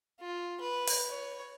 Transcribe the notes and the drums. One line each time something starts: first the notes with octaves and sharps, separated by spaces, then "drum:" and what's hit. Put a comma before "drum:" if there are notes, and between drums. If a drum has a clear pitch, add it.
F4
B4
drum: open hi-hat
C#5